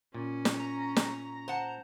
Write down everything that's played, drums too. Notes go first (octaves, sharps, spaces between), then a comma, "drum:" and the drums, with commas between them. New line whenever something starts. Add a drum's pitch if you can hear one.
A#2 C#4
drum: snare
A#5
drum: snare
C5 F#5 A5